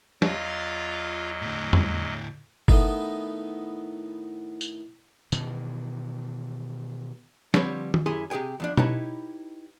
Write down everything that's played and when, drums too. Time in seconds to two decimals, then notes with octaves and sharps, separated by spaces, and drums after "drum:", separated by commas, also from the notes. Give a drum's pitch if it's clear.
0.22 E2 F#3 F4 D#5 F5, drum: snare
1.42 D2 A2
1.73 drum: tom E2
2.68 A2 D#3 B3 D#4, drum: kick F#1
4.61 drum: tambourine
5.32 B2 D#3 E3, drum: tambourine
7.54 D3 F3 G3 C4 B4 C#5, drum: snare
7.94 drum: tom D#3
8.06 F#2 E4 G4 G#4 G#5 C6
8.30 C3 G4 G#4 G5 G#5
8.60 E2 F3 D4
8.77 D#4 E4 G4 B4 C#5 A5, drum: tom B2